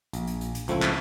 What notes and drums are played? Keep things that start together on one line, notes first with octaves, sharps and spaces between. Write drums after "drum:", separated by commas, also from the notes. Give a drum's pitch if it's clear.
A#1, drum: hi-hat
drum: hi-hat
drum: hi-hat
drum: hi-hat
C#2 F3 A3 C4 E4, drum: hi-hat
drum: clap